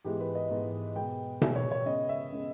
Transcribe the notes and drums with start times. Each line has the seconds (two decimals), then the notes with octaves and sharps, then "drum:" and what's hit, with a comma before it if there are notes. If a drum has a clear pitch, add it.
0.04 G#2 E3 G#3 B3 G4
0.20 B4
0.35 D#5
0.50 G#2 E3 G#3 B3
0.95 B2 G#3 B3 G5
1.42 B2 G#3 B3 E5, drum: tom B2
1.56 C#5
1.71 C#5
1.86 C#3 G#3 B3 D#5
2.09 E5
2.32 C#3 G#3 B3